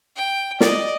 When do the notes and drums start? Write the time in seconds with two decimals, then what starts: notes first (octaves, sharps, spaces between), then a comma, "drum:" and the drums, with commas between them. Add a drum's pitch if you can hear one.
0.16 G5
0.60 D5 D#5, drum: snare